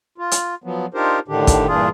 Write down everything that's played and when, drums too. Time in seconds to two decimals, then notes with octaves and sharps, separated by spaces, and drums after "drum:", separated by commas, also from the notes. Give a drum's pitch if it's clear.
0.18 F4
0.31 drum: hi-hat
0.64 F3 F#3 B3
0.94 D4 D#4 F4 G4 A#4 C5
1.28 A2 D3 D#3 D4 G4
1.47 drum: kick, hi-hat
1.67 G2 A#2 E3 D4 F4 G#4